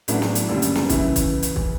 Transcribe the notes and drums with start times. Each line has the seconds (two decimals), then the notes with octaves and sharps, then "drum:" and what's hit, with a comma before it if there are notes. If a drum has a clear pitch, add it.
0.08 A1 A2 F#3 A3 D4, drum: hi-hat
0.22 drum: snare
0.35 drum: hi-hat
0.49 F#1 F#2 D3 G3
0.62 drum: hi-hat
0.75 drum: snare
0.89 C#3 E3 E4, drum: kick, hi-hat
1.16 drum: kick, hi-hat
1.43 drum: hi-hat
1.56 drum: kick